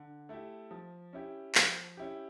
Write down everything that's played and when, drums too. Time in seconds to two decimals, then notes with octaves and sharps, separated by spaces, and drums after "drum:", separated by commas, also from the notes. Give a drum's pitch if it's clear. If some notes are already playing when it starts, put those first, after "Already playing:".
Already playing: D3
0.29 A3 E4 G4
0.71 F3
1.13 C#4 E4 G4
1.55 F3, drum: clap
1.97 C#4 E4 G4